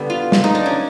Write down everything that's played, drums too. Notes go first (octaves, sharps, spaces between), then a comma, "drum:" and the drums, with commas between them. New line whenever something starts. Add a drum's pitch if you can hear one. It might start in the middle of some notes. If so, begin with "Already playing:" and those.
Already playing: D3 G3 B3
F4
drum: snare
D#4
D4
C#4